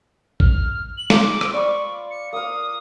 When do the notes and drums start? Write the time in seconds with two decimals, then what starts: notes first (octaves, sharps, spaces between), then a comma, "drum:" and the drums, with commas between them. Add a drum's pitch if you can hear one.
0.40 F6, drum: kick
0.98 F#7
1.10 F4 D6, drum: snare
1.41 drum: rim click
1.54 D5 F5 B5 C#6
2.11 C#7
2.33 A#3 F5 D#6